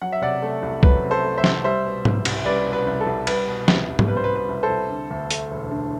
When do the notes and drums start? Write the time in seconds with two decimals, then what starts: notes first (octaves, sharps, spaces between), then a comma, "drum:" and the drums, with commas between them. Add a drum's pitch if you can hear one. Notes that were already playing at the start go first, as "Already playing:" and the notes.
0.02 F#3 F#5
0.12 E5
0.22 C3 D5 F#5
0.42 A3
0.62 C2
0.83 F#3 B4, drum: kick
1.04 C3
1.11 A4 C5
1.24 A3
1.37 C5 E5
1.44 C2, drum: snare
1.64 G3 C5 E5
1.85 B2
2.05 C2, drum: tom
2.25 C2, drum: cymbal
2.45 G3 B4 D5
2.66 B2
2.73 B4
2.87 C2
3.00 A4
3.07 C2
3.27 G3 B4, drum: cymbal
3.47 B2
3.68 C2, drum: snare
3.88 C2
3.99 drum: tom
4.08 G3 B4
4.17 C5
4.24 B4
4.29 B2
4.36 B4
4.49 C2
4.63 A4 C5
4.70 C2
4.90 D3
5.11 D2
5.31 A3, drum: hi-hat
5.51 E1
5.71 D3